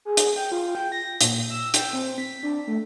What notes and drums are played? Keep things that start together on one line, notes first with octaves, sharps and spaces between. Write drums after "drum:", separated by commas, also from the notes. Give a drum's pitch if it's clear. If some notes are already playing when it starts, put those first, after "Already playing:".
G#4
drum: hi-hat
G5
F4
G5
A#6
A#2, drum: hi-hat
E6
G5, drum: hi-hat
C4
B6
D4
A3